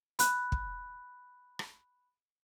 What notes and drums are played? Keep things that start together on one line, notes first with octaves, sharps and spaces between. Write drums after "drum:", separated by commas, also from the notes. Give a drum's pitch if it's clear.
B5 F#6, drum: hi-hat
drum: kick
drum: rim click